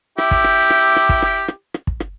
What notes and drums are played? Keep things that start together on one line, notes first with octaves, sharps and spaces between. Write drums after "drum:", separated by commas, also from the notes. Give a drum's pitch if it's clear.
E4 G4, drum: rim click
drum: kick
drum: rim click
drum: rim click
drum: rim click
drum: kick
drum: rim click
drum: rim click
drum: rim click
drum: kick
drum: rim click